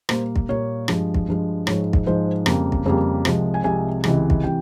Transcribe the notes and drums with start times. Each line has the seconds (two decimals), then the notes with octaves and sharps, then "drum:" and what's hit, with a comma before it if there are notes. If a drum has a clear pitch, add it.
0.09 A#2 G3 A#3 C5, drum: rim click
0.36 drum: kick
0.49 A#2 G3 A#3 C#5
0.88 G2 F3 G#3, drum: rim click
1.14 drum: kick
1.28 G2 F3 G#3
1.67 G#2 F3 G#3 C#5, drum: rim click
1.93 drum: kick
2.06 G#2 F3 G#3 C5
2.46 F2 C#3 G3 A#3, drum: rim click
2.72 drum: kick
2.85 F2 C#3 G3 A#3 G#4
3.25 C2 C3 F3 G#3, drum: rim click
3.54 G#5
3.64 C2 C3 F3 G#3 G#5
4.04 C#2 C3 E3 G#3, drum: rim click
4.30 drum: kick
4.44 C3 E3 G5